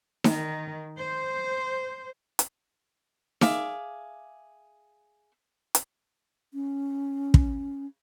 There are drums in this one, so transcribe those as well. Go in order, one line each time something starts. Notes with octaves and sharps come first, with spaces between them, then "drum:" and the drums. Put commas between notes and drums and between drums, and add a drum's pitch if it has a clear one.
D#3, drum: snare D#4
C5
drum: hi-hat
G#4 E5 F5 D6, drum: snare D#4
drum: hi-hat
C#4
drum: kick